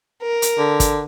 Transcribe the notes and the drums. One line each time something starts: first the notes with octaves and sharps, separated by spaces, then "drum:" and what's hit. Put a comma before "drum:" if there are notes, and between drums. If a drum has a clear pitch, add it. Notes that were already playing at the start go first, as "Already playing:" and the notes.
A#4
drum: hi-hat
D3
drum: kick, hi-hat